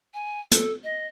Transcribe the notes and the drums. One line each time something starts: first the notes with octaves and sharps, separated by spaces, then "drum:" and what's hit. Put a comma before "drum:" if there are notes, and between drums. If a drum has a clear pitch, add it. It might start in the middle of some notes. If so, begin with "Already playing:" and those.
G#5
A4, drum: hi-hat
D#5